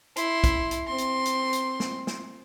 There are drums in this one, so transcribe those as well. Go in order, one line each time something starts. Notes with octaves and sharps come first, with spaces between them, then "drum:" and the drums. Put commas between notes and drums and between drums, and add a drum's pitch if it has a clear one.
E4 C6, drum: hi-hat
drum: kick, hi-hat
drum: hi-hat
C4 C6
drum: hi-hat
drum: hi-hat
drum: hi-hat
drum: snare
drum: snare